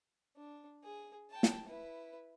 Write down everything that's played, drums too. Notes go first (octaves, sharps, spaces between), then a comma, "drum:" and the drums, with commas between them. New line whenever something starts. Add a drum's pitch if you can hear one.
D4
G#4
G5 A5
drum: snare
E4 B4